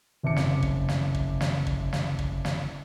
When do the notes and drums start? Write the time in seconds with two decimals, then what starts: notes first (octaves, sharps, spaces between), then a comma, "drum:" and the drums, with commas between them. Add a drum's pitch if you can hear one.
0.23 F#1 C3 A5 D6 C#7
0.36 drum: snare
0.62 drum: kick
0.88 drum: snare
1.15 drum: kick
1.41 drum: snare
1.67 drum: kick
1.93 drum: snare
2.19 drum: kick
2.45 drum: snare